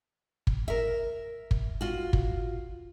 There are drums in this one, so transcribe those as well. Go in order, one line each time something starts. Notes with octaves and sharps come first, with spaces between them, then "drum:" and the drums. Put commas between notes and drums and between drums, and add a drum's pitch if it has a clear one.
drum: kick
A#4 E5
drum: kick
F4 F#4
drum: kick